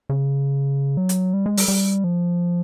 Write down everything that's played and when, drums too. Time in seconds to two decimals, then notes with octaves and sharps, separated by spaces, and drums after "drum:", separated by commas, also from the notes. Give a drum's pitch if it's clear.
0.09 C#3
0.97 F#3
1.09 drum: hi-hat
1.33 G3
1.46 G#3
1.57 G3, drum: open hi-hat
1.68 G3
2.04 F3